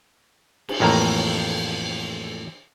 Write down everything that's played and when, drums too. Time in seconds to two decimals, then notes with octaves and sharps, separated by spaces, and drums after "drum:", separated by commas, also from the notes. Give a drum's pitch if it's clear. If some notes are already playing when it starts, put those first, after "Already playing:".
0.69 drum: cymbal
0.80 A1 F2 A2 A#3 A#5